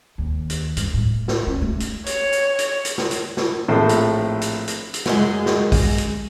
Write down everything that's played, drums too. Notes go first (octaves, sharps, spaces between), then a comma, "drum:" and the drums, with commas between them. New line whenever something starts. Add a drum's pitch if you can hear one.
D#2
drum: hi-hat
G2, drum: hi-hat
A2
drum: snare
C#4
A3
drum: hi-hat
C#5, drum: hi-hat
drum: hi-hat
drum: hi-hat
drum: hi-hat
drum: snare
drum: hi-hat
drum: snare
A#1 A2 C4 A4 C5
drum: hi-hat
drum: hi-hat
drum: hi-hat
drum: hi-hat
F#2 G#3, drum: snare
drum: snare
drum: kick, open hi-hat
drum: hi-hat